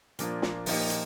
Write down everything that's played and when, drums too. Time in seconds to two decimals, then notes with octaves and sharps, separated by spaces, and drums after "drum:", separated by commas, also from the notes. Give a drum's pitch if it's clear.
0.19 A#2 F3 A#3 D4, drum: hi-hat
0.42 drum: snare
0.66 A#2 F3 A#3 D#4 G4, drum: open hi-hat
0.90 drum: hi-hat